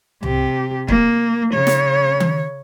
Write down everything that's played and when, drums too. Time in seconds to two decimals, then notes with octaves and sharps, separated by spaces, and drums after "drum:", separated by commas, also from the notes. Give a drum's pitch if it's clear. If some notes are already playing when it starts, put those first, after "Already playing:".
0.23 C3 G4, drum: tom C2
0.88 A#3, drum: kick
1.52 C#3 C#5
1.67 drum: snare
2.20 drum: tom D#3